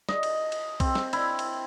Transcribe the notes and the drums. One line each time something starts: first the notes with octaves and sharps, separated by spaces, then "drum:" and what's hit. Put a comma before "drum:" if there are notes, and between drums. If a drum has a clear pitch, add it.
D#5, drum: snare
drum: cymbal
drum: cymbal
C4, drum: kick B1, cymbal
drum: snare
E4, drum: cymbal
drum: cymbal